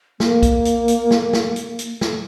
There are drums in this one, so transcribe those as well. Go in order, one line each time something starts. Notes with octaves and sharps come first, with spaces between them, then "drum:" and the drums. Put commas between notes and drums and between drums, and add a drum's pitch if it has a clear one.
A#3, drum: snare
drum: kick B1, hi-hat
drum: hi-hat
drum: hi-hat
drum: snare
drum: snare
drum: hi-hat
drum: hi-hat
drum: snare